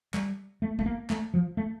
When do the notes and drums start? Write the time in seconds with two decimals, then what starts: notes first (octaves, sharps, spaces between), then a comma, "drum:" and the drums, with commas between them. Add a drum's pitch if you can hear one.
0.14 G3, drum: clap
0.62 A3
0.79 A3, drum: kick
0.86 A#3
1.10 A3, drum: clap
1.34 F3
1.57 A3